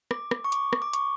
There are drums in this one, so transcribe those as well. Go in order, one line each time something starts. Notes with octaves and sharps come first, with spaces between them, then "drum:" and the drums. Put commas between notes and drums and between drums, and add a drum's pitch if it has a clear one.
D6, drum: rim click
drum: rim click
C#6
D6, drum: hi-hat
drum: rim click
D6
C#6, drum: hi-hat